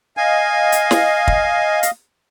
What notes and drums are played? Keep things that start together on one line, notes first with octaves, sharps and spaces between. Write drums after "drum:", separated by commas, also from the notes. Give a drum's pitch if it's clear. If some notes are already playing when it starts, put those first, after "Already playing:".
D#5 F5 G#5
drum: hi-hat
drum: snare
drum: kick
drum: hi-hat